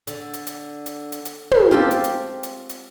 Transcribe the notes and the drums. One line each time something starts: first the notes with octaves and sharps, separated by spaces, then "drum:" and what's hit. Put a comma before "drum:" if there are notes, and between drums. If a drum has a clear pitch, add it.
D3, drum: hi-hat
drum: hi-hat
drum: hi-hat
drum: hi-hat
drum: hi-hat
drum: hi-hat
drum: tom
G#3 C4 F4 G4 A4
drum: hi-hat
drum: hi-hat
drum: hi-hat
drum: hi-hat